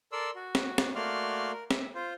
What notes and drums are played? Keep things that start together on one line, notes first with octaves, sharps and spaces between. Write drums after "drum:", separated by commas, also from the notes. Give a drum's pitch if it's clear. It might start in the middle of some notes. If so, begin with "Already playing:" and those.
A4 A#4 D5 C6 E6
F#4
drum: snare
drum: snare
A3 A#3 F#4 D5 C6 F6
A#4
E5, drum: snare
F4 C5